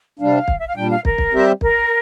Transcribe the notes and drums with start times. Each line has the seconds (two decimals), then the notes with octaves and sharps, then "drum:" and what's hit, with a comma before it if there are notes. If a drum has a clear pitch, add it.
0.19 C3 G3 D4 F5
0.48 drum: kick
0.59 E5
0.68 F5
0.76 A#2 G3 D4 G5
0.91 F5
1.05 A#4, drum: kick
1.18 drum: kick
1.33 G3 C4 G4 C5 E5
1.61 A#4, drum: kick